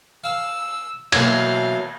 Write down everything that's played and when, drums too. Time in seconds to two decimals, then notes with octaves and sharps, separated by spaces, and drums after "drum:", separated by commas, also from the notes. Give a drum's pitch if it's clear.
0.24 F5 E6
1.12 B2 E3 F#3 A#3 B3 F5 G#6, drum: cymbal